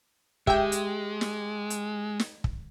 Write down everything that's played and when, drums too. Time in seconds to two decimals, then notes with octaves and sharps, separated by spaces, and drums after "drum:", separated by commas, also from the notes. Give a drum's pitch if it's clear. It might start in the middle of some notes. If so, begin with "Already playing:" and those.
0.47 G#3 G4 E5 G5, drum: kick
0.72 drum: hi-hat
1.21 drum: snare
1.70 drum: hi-hat
2.20 drum: snare
2.44 drum: kick